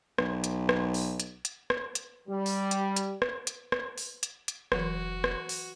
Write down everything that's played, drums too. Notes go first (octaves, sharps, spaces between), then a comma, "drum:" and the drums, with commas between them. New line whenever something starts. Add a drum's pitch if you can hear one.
B1, drum: rim click
drum: hi-hat
drum: rim click
drum: open hi-hat
drum: hi-hat
drum: hi-hat
drum: rim click
drum: hi-hat
G3
drum: open hi-hat
drum: hi-hat
drum: hi-hat
drum: rim click
drum: hi-hat
drum: rim click
drum: open hi-hat
drum: hi-hat
drum: hi-hat
F1 E3 F#3 F#4, drum: rim click
drum: rim click
drum: open hi-hat